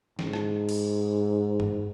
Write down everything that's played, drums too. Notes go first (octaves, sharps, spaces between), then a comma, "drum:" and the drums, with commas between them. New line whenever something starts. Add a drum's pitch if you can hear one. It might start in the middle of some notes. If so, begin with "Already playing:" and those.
G#2, drum: snare
drum: rim click
drum: cymbal
drum: tom G2